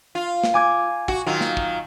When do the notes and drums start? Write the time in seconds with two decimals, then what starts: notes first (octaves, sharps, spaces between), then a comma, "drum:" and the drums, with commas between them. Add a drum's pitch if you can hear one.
0.15 F4
0.43 drum: snare
0.54 G#5 D6 G#6
1.08 F#4, drum: kick
1.26 D#3 F#3 F4
1.41 drum: snare
1.57 drum: kick